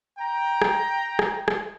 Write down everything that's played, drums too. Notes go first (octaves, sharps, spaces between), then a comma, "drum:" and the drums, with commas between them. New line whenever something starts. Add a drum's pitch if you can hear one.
G5 A#5
drum: rim click
drum: rim click
drum: rim click